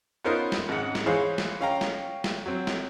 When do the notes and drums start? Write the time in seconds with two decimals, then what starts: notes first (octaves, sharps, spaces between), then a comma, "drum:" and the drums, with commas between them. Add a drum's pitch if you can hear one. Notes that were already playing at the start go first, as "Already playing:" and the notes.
0.24 B3 C#4 D#4 F4 A#4 C5
0.52 drum: snare
0.68 G#1 G#2 C#3 F#5
0.95 drum: snare
1.06 E3 G#3 G#4 C5 C#5 F5
1.38 drum: snare
1.60 C#4 F5 G5 A#5
1.81 drum: snare
2.24 drum: snare
2.46 F#3 C4
2.67 drum: snare